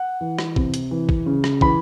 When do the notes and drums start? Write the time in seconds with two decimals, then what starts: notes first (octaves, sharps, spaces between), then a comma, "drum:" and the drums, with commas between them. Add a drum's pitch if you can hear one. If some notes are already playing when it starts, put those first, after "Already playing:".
Already playing: F#5
0.21 E3
0.39 drum: rim click
0.56 C3, drum: kick
0.74 drum: hi-hat
0.91 E3
1.09 drum: kick
1.26 C#3
1.44 drum: rim click
1.61 E3 B5, drum: kick